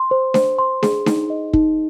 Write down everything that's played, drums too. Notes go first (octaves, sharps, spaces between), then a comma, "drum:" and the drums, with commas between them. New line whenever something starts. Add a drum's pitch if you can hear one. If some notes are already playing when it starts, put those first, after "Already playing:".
Already playing: C6
C5
C5, drum: snare D4
C6
G#4, drum: snare D4
D#4, drum: snare D4
D#5
D#4, drum: kick